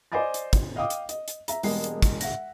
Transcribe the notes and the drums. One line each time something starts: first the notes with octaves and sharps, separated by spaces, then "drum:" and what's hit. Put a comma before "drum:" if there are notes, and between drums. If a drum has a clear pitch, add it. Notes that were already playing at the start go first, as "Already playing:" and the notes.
C5 D5 D#5 G#5 D6 A6
drum: hi-hat
drum: kick, hi-hat
D#5 F5 G5 D6 D#6
drum: hi-hat
D#5, drum: hi-hat
drum: hi-hat
E5 A#5, drum: hi-hat
E1 E2 G3 G#3 A#3 C7, drum: open hi-hat
drum: hi-hat
drum: kick, hi-hat
E5 F#5 A#6, drum: hi-hat